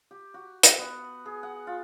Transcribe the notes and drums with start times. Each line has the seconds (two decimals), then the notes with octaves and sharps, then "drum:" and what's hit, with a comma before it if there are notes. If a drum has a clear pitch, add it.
0.11 G4
0.34 F#4
0.63 F#5, drum: hi-hat
0.79 B3
1.26 G#4
1.43 F#5
1.67 F4